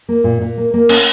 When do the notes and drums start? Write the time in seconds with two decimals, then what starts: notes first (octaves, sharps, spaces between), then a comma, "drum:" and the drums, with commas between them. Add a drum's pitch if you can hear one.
0.09 A#3
0.24 A#2
0.41 A#2
0.57 A#3
0.74 A#3
0.89 C#4, drum: cymbal